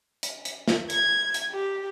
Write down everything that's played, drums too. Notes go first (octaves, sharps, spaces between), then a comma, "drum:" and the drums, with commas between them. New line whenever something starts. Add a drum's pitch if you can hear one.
drum: hi-hat
drum: hi-hat
drum: snare
G#6, drum: hi-hat
drum: hi-hat
G4